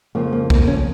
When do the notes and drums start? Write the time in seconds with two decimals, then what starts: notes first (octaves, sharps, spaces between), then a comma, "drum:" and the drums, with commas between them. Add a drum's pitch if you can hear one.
0.15 F2 C#3 F3 A#3
0.33 A#3
0.50 A#3, drum: kick
0.68 C#4